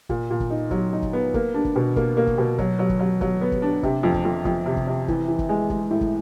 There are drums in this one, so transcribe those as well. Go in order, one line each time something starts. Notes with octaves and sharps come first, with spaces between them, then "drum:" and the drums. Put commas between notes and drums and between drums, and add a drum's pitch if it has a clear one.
A#2, drum: kick
A#2
drum: kick
D#4
F#3, drum: kick
D#4
drum: kick
B3
A#3, drum: kick
D4
drum: kick
B2
A#3, drum: kick
A#3
drum: kick
B2
F#3, drum: kick
F#3
drum: kick
F#3
F#3, drum: kick
B3
drum: kick
D4
C3, drum: kick
F2
drum: kick
F2
F2, drum: kick
C3
drum: kick
C3
E3, drum: kick
E3
drum: kick
G#3
G#3, drum: kick
A2
drum: kick